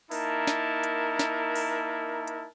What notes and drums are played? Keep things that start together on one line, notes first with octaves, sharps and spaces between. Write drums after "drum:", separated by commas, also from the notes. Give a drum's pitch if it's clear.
A#3 D#4 E4 A#4 A5, drum: open hi-hat
drum: snare
drum: hi-hat
drum: snare
drum: open hi-hat
drum: hi-hat